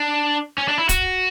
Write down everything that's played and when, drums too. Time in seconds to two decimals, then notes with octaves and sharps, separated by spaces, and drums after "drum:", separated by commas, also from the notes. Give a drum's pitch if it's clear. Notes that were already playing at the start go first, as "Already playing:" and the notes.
Already playing: D4
0.58 C#4
0.68 D4
0.78 E4
0.89 F#4, drum: kick, hi-hat